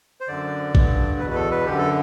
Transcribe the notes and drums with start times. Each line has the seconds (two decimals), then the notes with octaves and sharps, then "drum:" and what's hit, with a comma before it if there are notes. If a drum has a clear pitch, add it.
0.20 C5
0.28 F#2 D3 D5
0.75 G2 D3, drum: kick
1.20 E2 B2 B4
1.30 B4
1.35 A4
1.51 B4
1.66 F#2 D3 G4
1.78 A4